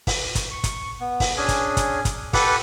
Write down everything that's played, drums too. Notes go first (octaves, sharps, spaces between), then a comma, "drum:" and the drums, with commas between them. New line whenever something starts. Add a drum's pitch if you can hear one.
drum: kick, open hi-hat
drum: kick, hi-hat
C#6
drum: kick, hi-hat
B3
drum: kick, open hi-hat
C#4 D4 G#4 G#5
drum: kick, hi-hat
drum: kick, hi-hat
drum: kick, hi-hat
G4 A4 B4 F#5, drum: kick, open hi-hat